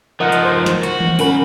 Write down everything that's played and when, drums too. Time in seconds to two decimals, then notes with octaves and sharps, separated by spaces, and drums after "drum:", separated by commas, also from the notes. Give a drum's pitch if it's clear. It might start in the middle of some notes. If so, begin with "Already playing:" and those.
0.20 F3 D#4 A#4 D#5 F#5
0.32 drum: hi-hat
0.43 A#4 C5
0.66 drum: snare
0.83 F#4, drum: hi-hat
1.00 drum: tom D#3
1.19 B1 C#4 A#4 F#5 B5, drum: open hi-hat